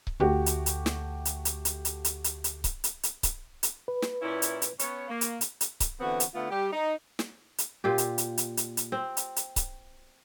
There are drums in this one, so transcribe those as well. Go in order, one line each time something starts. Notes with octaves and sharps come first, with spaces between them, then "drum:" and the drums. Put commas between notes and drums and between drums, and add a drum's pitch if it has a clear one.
drum: kick C#1
D2 A3 F#4 G4
drum: hi-hat
drum: hi-hat
drum: snare
drum: hi-hat
drum: hi-hat
drum: hi-hat
drum: hi-hat
drum: hi-hat
drum: hi-hat
drum: hi-hat
drum: kick C#1, hi-hat
drum: hi-hat
drum: hi-hat
drum: kick C#1, hi-hat
drum: hi-hat
B4
drum: snare
A#2 C#4 E4
drum: hi-hat
drum: hi-hat
B3 C#4 C#5 C#6, drum: hi-hat
A#3
drum: hi-hat
drum: hi-hat
drum: hi-hat
drum: kick C#1, hi-hat
D3 E3 B3 C4 F#4
drum: hi-hat
D3 A3 B3 F4
G3 G4
D#4
drum: snare
drum: hi-hat
A#2 F4 G4
drum: hi-hat
drum: hi-hat
drum: hi-hat
drum: hi-hat
drum: hi-hat
C4
drum: hi-hat
drum: hi-hat
drum: kick C#1, hi-hat